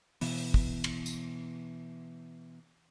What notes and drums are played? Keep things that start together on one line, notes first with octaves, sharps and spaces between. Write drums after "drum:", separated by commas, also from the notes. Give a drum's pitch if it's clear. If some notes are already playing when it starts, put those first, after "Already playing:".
B2 E3 B3, drum: open hi-hat
drum: kick
drum: cymbal
drum: tambourine